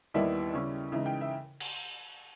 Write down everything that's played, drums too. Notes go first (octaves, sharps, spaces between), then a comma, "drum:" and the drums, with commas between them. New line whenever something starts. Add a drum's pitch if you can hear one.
D#2 D#3 G3 B3 E4 E5
C#3 G3 C#4 E4
C#3 E3 G#3 D#4 E5
G5
E5
drum: cymbal